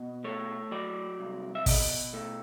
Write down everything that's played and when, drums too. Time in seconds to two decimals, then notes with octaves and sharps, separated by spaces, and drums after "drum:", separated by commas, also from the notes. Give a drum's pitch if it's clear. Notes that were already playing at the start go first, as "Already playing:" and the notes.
Already playing: B2
0.24 A3 C#5
0.71 F#3 D5
1.19 C2
1.55 E5
1.66 B2 D#5, drum: kick, open hi-hat
2.13 A3